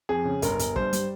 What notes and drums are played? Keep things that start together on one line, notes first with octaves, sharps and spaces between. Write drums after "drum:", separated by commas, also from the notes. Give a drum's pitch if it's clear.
F2 G#4
C#3
G1 A#4, drum: hi-hat
G1, drum: hi-hat
G2 C5, drum: kick
G3, drum: hi-hat